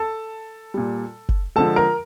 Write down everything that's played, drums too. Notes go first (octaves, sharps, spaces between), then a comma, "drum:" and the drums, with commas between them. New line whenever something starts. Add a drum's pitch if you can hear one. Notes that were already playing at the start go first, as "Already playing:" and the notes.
Already playing: A4 A5
A#2 G3
drum: kick F#1
D3 F3 G#3 A4 A5
A#4 A#5